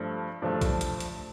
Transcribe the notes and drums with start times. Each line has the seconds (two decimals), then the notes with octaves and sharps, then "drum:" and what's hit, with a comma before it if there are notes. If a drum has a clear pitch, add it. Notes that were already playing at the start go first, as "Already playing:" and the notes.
Already playing: G2 F3 A3
0.42 G2 F3 A3 D4
0.61 drum: kick B1, hi-hat
0.81 drum: hi-hat
1.00 drum: hi-hat